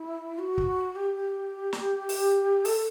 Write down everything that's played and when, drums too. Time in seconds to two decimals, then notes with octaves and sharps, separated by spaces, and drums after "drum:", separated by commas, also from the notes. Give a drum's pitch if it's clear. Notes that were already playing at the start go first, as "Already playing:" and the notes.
Already playing: E4
0.38 F#4
0.58 drum: kick
0.95 G4
1.73 drum: snare
2.09 drum: open hi-hat
2.65 A4, drum: open hi-hat